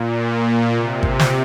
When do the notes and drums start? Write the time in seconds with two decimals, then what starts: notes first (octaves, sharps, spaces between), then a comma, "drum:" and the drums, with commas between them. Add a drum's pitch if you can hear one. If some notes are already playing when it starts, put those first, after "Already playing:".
Already playing: A#2
0.22 A#2
0.74 C3
1.03 drum: kick G#1
1.19 drum: snare